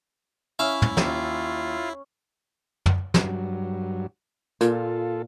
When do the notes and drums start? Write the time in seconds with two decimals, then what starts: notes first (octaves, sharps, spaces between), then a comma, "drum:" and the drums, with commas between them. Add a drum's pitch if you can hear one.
0.59 C#4 E4 E5 F5
0.82 drum: tom
0.97 D#2 F4, drum: snare
2.86 drum: tom
3.14 G2 F#3, drum: snare
4.61 A#2 F4 A4, drum: hi-hat